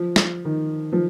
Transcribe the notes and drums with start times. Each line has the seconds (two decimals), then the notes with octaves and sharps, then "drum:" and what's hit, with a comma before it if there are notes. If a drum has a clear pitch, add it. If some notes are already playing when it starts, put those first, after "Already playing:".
Already playing: F3
0.16 drum: snare
0.45 D#3
0.92 F3